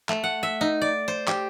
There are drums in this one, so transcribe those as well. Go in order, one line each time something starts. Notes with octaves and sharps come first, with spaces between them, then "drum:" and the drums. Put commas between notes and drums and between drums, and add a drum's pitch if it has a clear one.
A3, drum: clap
F#5
E5
D#4
D5
C5
G4, drum: clap